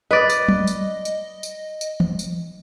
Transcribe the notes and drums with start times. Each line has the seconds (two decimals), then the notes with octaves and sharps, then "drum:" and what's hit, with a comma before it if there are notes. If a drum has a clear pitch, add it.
0.11 B4 D5 D#5
0.30 drum: tambourine
0.48 drum: tom
0.67 drum: tambourine
1.05 drum: tambourine
1.43 drum: tambourine
1.81 drum: tambourine
2.00 drum: tom
2.19 drum: tambourine